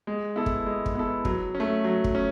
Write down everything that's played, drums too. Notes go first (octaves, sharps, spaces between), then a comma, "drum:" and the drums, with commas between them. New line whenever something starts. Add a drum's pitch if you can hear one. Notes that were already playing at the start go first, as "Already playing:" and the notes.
G#3
B3 E4 A4
drum: kick
G#3
drum: kick
B3 E4 A4
F#3, drum: kick
C#4
A3
F#3
drum: kick
C#4